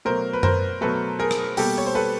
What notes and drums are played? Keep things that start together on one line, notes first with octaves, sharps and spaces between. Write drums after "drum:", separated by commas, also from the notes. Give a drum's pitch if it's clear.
B2 F#3 A3 A#4 C5
B4
A#4 C5, drum: tom F#2
B2 F#3 A3 A4 B4
G#4 A#4
drum: rim click
B2 G3 A#3 G4 A4, drum: open hi-hat
C#5
C5
A4 B4